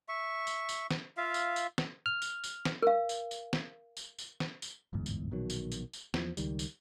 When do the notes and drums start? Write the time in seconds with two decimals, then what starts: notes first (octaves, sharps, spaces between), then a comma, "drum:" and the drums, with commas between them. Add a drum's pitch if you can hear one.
0.09 E5 C#6
0.47 drum: tambourine
0.69 drum: tambourine
0.91 drum: snare
1.17 F4 E5 F5
1.34 drum: tambourine
1.56 drum: tambourine
1.78 drum: snare
2.06 F6
2.22 drum: tambourine
2.44 drum: tambourine
2.65 drum: snare
2.82 A#4 F5
3.09 drum: tambourine
3.31 drum: tambourine
3.53 drum: snare
3.97 drum: tambourine
4.19 drum: tambourine
4.40 drum: snare
4.62 drum: tambourine
4.93 D1 G1 E2 G#2
5.06 drum: tambourine
5.31 A#1 B2 D#3 F#3
5.50 drum: tambourine
5.72 drum: tambourine
5.93 drum: tambourine
6.14 E2 F3, drum: snare
6.37 C#2 D#3 G3, drum: tambourine
6.59 drum: tambourine